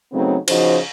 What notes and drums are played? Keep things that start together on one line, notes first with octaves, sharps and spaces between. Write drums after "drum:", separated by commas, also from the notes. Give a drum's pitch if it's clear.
C#3 F#3 A3 B3 C4 D#4
C#3 F3 D#4 F#4 C5 D#5, drum: cymbal